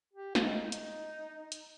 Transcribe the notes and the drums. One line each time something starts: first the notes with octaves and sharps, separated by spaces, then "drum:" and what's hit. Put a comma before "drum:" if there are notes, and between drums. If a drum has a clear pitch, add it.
G4
F4, drum: snare
D#4
D#4, drum: hi-hat
drum: hi-hat